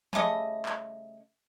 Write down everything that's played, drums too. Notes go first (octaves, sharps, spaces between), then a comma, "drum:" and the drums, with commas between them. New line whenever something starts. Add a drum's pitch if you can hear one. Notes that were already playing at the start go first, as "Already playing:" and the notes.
C#3 G3 A3 D#5, drum: tom F3
drum: clap